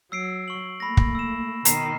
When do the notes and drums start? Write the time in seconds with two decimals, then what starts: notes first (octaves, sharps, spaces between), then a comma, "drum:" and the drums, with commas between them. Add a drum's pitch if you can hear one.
0.12 F#3 E6 C7 D7
0.48 C#6 F#7
0.80 A3 A#3 B5 A#6
0.97 drum: kick
1.15 E6 E7
1.65 B2 D#3 A#5 C7, drum: hi-hat